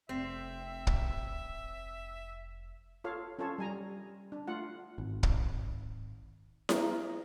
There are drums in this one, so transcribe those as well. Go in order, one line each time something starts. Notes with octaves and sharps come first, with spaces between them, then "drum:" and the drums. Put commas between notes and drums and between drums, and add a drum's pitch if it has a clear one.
F1 C4 E5
drum: kick
F4 A4 C#5 F5
C#4 F4 A4 C#5 A5
G3 G#5 A#5
D4
A3 F4 F#5
G#1
drum: kick
A#4, drum: snare E4